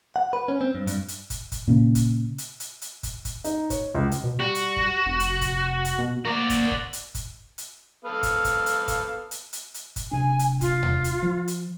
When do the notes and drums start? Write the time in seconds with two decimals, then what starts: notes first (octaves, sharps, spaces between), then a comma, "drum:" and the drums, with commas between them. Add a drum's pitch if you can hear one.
0.16 F#5
0.33 B4
0.48 C#4
0.61 C4
0.75 G2
0.87 G2, drum: hi-hat
1.08 drum: hi-hat
1.30 drum: kick, hi-hat
1.52 drum: kick, hi-hat
1.68 A#2 C#3
1.95 drum: kick, hi-hat
2.38 drum: hi-hat
2.60 drum: hi-hat
2.82 drum: hi-hat
3.03 drum: kick, hi-hat
3.25 drum: kick, hi-hat
3.44 D#4, drum: hi-hat
3.70 C#5, drum: kick, hi-hat
3.95 C#2
4.11 drum: hi-hat
4.24 B2
4.40 G3 F#4
4.55 drum: hi-hat
4.76 drum: kick
5.06 F1
5.20 drum: hi-hat
5.41 drum: kick, hi-hat
5.85 drum: hi-hat
5.98 B2
6.25 A#3 F#4 D5
6.50 drum: kick, hi-hat
6.71 drum: kick
6.93 drum: hi-hat
7.15 drum: kick, hi-hat
7.58 drum: hi-hat
8.05 B3 A4 F5
8.23 drum: kick, hi-hat
8.44 drum: kick, hi-hat
8.66 drum: hi-hat
8.88 drum: kick, hi-hat
9.31 drum: hi-hat
9.53 drum: hi-hat
9.74 drum: hi-hat
9.96 drum: kick, hi-hat
10.11 D1 C3 D4 G#5
10.39 drum: hi-hat
10.61 F4, drum: kick, hi-hat
10.83 drum: tom D#2
11.04 drum: hi-hat
11.22 F3
11.48 drum: hi-hat